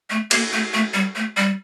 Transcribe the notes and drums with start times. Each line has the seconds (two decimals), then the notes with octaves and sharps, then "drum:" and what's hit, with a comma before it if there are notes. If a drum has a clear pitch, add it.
0.10 A3
0.31 A#3, drum: cymbal
0.52 A3
0.73 A3
0.94 G3
1.15 A3
1.37 G3